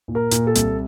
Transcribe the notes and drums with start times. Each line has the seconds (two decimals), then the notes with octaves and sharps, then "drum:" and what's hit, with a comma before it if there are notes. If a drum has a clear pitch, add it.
0.08 A#2
0.15 A#4
0.31 A#2, drum: hi-hat
0.47 A4
0.55 C2, drum: hi-hat